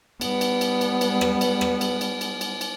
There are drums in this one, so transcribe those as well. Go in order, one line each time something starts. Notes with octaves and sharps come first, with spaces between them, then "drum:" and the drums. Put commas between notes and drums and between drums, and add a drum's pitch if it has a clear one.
G3 B3, drum: cymbal
drum: cymbal
drum: cymbal
drum: cymbal
drum: cymbal
drum: rim click
drum: cymbal
drum: rim click
drum: cymbal
drum: cymbal
drum: cymbal
drum: cymbal
drum: cymbal